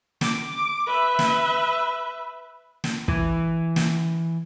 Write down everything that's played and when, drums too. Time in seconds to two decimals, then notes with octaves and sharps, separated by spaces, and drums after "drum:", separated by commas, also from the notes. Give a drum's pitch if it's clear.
0.21 D6, drum: snare
0.87 B4 E5
1.19 drum: snare
2.84 drum: snare
3.08 E3, drum: kick
3.76 drum: snare